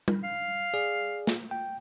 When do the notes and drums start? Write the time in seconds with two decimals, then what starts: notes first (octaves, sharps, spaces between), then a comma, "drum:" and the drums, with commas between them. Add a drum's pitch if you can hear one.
0.08 drum: tom G3
0.24 F5
0.74 G#4 D5
1.27 drum: snare
1.51 G5